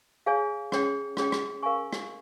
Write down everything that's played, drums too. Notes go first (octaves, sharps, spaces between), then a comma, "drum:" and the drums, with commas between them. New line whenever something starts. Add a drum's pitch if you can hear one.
G#4 C#5 F5 G#5
C#4 G#4 C#5 G5, drum: rim click
C#4 G#4 C#5 G5, drum: rim click
drum: rim click
A#4 F5 G#5 C#6
drum: rim click